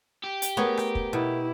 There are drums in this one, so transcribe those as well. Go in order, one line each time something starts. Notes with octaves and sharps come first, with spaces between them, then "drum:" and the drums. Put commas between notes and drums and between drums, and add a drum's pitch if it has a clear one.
G4
drum: hi-hat
A3 B3 G#4 A#4 C#5
drum: rim click
drum: kick
B2 E4